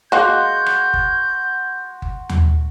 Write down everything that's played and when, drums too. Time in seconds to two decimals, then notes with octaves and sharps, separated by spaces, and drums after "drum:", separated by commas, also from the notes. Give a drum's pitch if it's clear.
0.12 G#3 A#3 F#4 C6 G6
0.66 drum: rim click
0.94 drum: kick G1
2.02 drum: kick G1
2.29 drum: tom